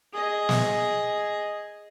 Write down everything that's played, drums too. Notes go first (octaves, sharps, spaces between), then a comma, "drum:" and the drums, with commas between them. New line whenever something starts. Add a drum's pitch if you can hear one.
G#4 D#5
drum: snare